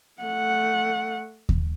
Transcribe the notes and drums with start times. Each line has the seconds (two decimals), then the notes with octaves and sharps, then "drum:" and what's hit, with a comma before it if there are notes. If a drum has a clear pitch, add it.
0.22 A3 F#5
1.49 drum: kick D#2